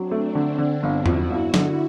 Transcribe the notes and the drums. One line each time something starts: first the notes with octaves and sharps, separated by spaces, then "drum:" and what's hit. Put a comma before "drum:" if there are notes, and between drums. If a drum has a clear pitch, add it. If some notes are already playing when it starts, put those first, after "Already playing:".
Already playing: F#3 C4 D4
A3
D3
D3
G1 E4 F#4
F2, drum: tom E2
G1
D3, drum: snare